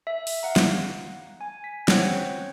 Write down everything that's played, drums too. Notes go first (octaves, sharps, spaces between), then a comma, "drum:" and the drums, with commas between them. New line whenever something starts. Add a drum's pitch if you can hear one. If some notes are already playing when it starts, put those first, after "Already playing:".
E5
drum: open hi-hat
F5 F#5 A#5
drum: snare
G#5
B6
C4 C#4 C5 C#5 F#5, drum: snare